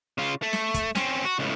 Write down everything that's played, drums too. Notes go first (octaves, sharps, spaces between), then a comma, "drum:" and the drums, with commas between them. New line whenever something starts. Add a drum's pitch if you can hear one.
C#3 F4
A3
drum: snare
drum: kick, hi-hat
C4 C#4, drum: snare
F#4
C#2 A2